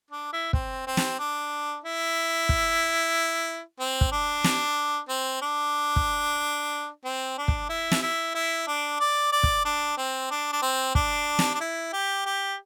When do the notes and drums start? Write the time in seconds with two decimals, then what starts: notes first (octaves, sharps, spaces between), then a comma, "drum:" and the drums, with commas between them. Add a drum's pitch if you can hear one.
0.11 D4
0.33 E4
0.53 C4, drum: kick
0.87 C4
0.97 drum: snare
1.19 D4
1.84 E4
2.49 drum: kick
3.79 C4
4.01 drum: kick
4.12 D4
4.44 drum: snare
5.09 C4
5.42 D4
5.96 drum: kick
7.04 C4
7.38 D4
7.48 drum: kick
7.69 E4
7.92 drum: snare
8.03 E4
8.34 E4
8.67 D4
9.00 D5
9.32 D5
9.43 drum: kick
9.65 D4
9.98 C4
10.31 D4
10.52 D4
10.62 C4
10.95 D4, drum: kick
11.39 drum: snare
11.54 D4
11.61 E4
11.93 G4
12.26 G4